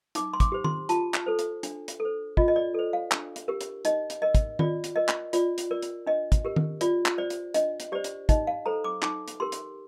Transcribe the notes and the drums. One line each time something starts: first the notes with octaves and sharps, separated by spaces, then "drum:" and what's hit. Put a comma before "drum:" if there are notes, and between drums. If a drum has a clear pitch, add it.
D#4 D6, drum: hi-hat
C6
D6, drum: kick, hi-hat
G4 C5
C6, drum: tom D#3
F4 A5, drum: hi-hat
drum: clap
A4 C5
drum: hi-hat
D4, drum: hi-hat
drum: hi-hat
A4
C5
F4 D#5, drum: kick
D#5
D5
A4 C5
F5
D4, drum: clap
drum: hi-hat
G4 A#4
drum: hi-hat
D#4 D#5, drum: hi-hat
drum: hi-hat
A#4 D#5
drum: kick, hi-hat
F4 D5, drum: tom D#3
drum: hi-hat
A#4 D#5
drum: clap
F4 D5, drum: hi-hat
drum: hi-hat
A#4 D5
drum: hi-hat
D4 D#5
drum: kick, hi-hat
G4 A#4
drum: tom D#3
F4 D5, drum: hi-hat
drum: clap
C5 D5
drum: hi-hat
D4 D#5, drum: hi-hat
drum: hi-hat
G4 C5 D5
drum: hi-hat
D#4 D#5, drum: kick, hi-hat
F5
A4 C5 A#5
D6
D#4 D6, drum: clap
drum: hi-hat
G4 A#4 C6
drum: hi-hat